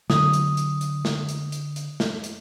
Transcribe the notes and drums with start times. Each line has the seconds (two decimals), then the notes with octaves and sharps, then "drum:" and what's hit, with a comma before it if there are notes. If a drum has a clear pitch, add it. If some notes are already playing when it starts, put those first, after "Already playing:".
0.10 D3 F#3 D#6, drum: snare
0.33 drum: hi-hat
0.57 drum: hi-hat
0.81 drum: hi-hat
1.05 drum: snare
1.29 drum: hi-hat
1.52 drum: hi-hat
1.76 drum: hi-hat
2.00 drum: snare
2.24 drum: hi-hat